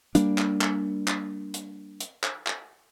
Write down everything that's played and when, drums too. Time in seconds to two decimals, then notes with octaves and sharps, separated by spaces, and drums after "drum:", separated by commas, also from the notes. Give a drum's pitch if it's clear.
0.15 G3 A#3 D4, drum: hi-hat
0.38 drum: clap
0.61 drum: clap
1.08 drum: clap
1.54 drum: hi-hat
2.00 drum: hi-hat
2.24 drum: clap
2.47 drum: clap